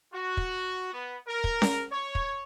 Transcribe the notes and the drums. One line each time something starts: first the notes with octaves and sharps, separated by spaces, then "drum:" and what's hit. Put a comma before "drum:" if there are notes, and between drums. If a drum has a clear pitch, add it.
F#4
drum: kick
B3
A#4
drum: kick
drum: snare C#4
C#5
drum: kick